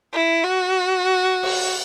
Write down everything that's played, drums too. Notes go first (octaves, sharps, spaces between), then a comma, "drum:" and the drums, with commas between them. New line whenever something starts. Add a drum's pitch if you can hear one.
E4
F#4
drum: cymbal